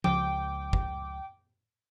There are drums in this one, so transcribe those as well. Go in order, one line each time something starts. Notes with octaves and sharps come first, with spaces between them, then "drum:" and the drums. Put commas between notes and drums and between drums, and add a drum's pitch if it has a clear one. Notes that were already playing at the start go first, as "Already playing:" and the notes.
C#2 C#3 F3 G5 D6, drum: tom F3
drum: kick